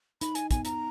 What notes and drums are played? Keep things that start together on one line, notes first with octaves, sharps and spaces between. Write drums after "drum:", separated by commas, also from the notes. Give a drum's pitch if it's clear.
D#4 B5, drum: hi-hat
G#5, drum: hi-hat
B3 G#5, drum: kick, hi-hat
A#5, drum: hi-hat